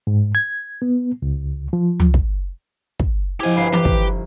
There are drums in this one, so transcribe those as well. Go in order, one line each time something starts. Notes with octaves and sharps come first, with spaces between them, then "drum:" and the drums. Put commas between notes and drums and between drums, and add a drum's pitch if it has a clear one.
G#2
G#6
B3
C#2
F3
drum: tom
drum: kick
drum: kick
F3 E4 G4 C5 D#5 G#5 G#6
G1 B4 F5 B5 C7
G4, drum: tom E3
drum: kick